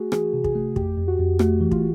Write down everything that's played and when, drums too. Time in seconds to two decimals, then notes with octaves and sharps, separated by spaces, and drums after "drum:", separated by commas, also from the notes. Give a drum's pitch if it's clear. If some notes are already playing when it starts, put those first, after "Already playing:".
Already playing: A3 F#4 G#4
0.12 E3 G#4, drum: rim click
0.33 C3
0.44 G#4, drum: kick
0.55 A3
0.76 F2 G4, drum: kick
0.98 F2
1.08 F#4
1.19 F2
1.39 A3 F#4, drum: rim click
1.61 E3
1.71 F4, drum: kick